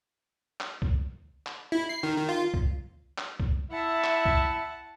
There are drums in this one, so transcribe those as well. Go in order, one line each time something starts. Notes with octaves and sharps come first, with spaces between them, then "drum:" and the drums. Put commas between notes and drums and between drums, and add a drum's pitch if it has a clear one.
drum: clap
drum: kick C2
drum: clap
E4
C7
D#3
D#3
F4
drum: kick C2
drum: clap
drum: kick C2
E4 E5 F#5 A5
drum: clap
drum: kick C2